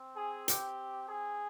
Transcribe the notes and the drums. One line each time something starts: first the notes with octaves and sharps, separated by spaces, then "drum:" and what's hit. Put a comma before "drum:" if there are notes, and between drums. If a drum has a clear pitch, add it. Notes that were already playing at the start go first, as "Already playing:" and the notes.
Already playing: C4
G#4
G4, drum: hi-hat
G#4